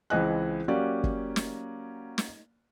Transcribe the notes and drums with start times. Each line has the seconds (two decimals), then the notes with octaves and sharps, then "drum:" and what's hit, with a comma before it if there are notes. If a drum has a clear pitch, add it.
0.10 C#2 E3 C4 D#5 G#5 F#6
0.68 F#3 A#3 C#4 G4 D5 F5
1.04 drum: kick
1.36 drum: snare
2.18 drum: snare